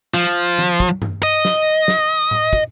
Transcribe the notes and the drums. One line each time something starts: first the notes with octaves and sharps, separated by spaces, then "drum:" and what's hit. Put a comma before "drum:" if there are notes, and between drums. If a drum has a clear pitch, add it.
F3
drum: tom D#3
drum: kick
drum: tom G2
D#5
drum: snare
drum: snare
drum: tom A2
drum: kick